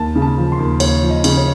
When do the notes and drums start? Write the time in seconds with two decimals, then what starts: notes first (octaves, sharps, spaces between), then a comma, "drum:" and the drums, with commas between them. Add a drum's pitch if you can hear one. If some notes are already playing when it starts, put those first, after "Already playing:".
Already playing: D#2 A5
0.16 C#3
0.22 A5
0.38 F3
0.52 C6
0.59 D#2
0.80 D#2 C#5, drum: cymbal
1.03 F3
1.10 D#5
1.24 C#3, drum: cymbal
1.37 C#5